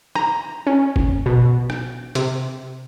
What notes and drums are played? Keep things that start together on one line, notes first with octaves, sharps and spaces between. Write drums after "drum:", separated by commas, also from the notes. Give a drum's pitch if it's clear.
A#5, drum: rim click
C#4
drum: kick F1
B2
drum: rim click
C3, drum: hi-hat